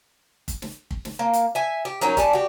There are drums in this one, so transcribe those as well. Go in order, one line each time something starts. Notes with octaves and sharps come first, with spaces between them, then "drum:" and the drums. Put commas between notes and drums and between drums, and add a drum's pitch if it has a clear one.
drum: kick, hi-hat
drum: snare
drum: kick
drum: snare
A#3
drum: hi-hat
E5 G#5
G4
F#3 C#4 D#4 A#4
G3 G#5 A5, drum: kick, hi-hat
F#4 G4